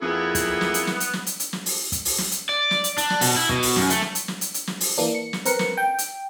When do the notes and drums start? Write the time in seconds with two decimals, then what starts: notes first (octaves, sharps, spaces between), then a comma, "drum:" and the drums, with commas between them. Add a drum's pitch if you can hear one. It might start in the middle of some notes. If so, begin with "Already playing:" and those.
0.02 F2 A#3 B3 E4 G#4
0.35 drum: kick, hi-hat
0.61 drum: snare
0.74 drum: hi-hat
0.87 drum: snare
1.00 drum: hi-hat
1.13 drum: snare
1.27 drum: hi-hat
1.40 drum: hi-hat
1.53 drum: snare
1.66 drum: open hi-hat
1.92 drum: kick, hi-hat
2.05 drum: open hi-hat
2.18 drum: snare
2.31 drum: hi-hat
2.49 D5
2.71 drum: snare
2.84 drum: hi-hat
2.98 D4, drum: hi-hat
3.10 drum: snare
3.21 B2, drum: open hi-hat
3.36 E4
3.49 B2, drum: kick
3.62 drum: open hi-hat
3.76 F#2, drum: snare
3.90 A3, drum: hi-hat
4.02 drum: snare
4.15 drum: hi-hat
4.28 drum: snare
4.41 drum: hi-hat
4.54 drum: hi-hat
4.67 drum: snare
4.80 drum: open hi-hat
4.98 E3 A#3 D4
5.15 C#7
5.33 drum: snare
5.45 C4 A#4 B4 C#7, drum: hi-hat
5.59 drum: snare
5.77 G5
5.98 drum: hi-hat